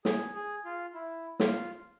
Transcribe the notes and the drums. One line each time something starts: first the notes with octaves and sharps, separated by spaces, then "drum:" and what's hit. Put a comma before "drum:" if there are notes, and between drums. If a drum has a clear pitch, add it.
G#4, drum: snare
G#4
F4
E4
F4, drum: snare